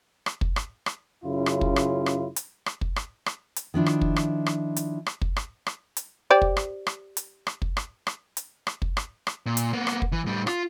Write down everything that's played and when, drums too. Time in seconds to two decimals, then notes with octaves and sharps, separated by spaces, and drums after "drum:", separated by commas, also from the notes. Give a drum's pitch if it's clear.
0.26 drum: rim click
0.41 drum: kick
0.56 drum: rim click
0.86 drum: rim click
1.24 F#2 C#3 E4 F4
1.46 drum: rim click
1.61 drum: kick
1.76 drum: rim click
2.06 drum: rim click
2.36 drum: hi-hat
2.66 drum: rim click
2.81 drum: kick
2.96 drum: rim click
3.26 drum: rim click
3.56 drum: hi-hat
3.74 D#3 F3 D4 E4
3.86 drum: rim click
4.01 drum: kick
4.16 drum: rim click
4.46 drum: rim click
4.76 drum: hi-hat
5.06 drum: rim click
5.21 drum: kick
5.37 drum: rim click
5.67 drum: rim click
5.97 drum: hi-hat
6.30 G4 C5 D5
6.42 drum: kick
6.57 drum: rim click
6.87 drum: rim click
7.17 drum: hi-hat
7.47 drum: rim click
7.62 drum: kick
7.77 drum: rim click
8.07 drum: rim click
8.37 drum: hi-hat
8.67 drum: rim click
8.82 drum: kick
8.97 drum: rim click
9.27 drum: rim click
9.46 A#2
9.57 drum: hi-hat
9.73 A#3 B3
9.87 drum: rim click
10.02 drum: kick
10.12 E3
10.26 A2 G3
10.47 F4, drum: rim click